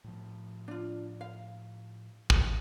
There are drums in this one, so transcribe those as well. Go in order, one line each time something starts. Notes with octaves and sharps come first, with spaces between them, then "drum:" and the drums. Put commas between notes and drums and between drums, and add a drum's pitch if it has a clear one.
A2 F3
D4 F4
F5
drum: kick